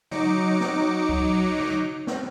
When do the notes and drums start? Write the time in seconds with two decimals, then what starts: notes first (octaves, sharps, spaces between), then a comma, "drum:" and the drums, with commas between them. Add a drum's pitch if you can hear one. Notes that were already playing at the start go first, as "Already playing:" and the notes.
0.11 F#3 D#4 D6 C#7, drum: tom C#3
0.60 drum: snare
1.09 drum: kick C#2
1.58 drum: tom C#3
2.07 drum: snare